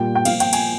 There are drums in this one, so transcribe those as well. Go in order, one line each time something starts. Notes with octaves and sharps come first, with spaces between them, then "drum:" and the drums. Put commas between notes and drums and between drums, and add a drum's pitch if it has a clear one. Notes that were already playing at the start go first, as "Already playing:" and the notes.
Already playing: A#2 G3 G5
G5
A#2 F3 F5, drum: cymbal
G5, drum: cymbal
G#5, drum: cymbal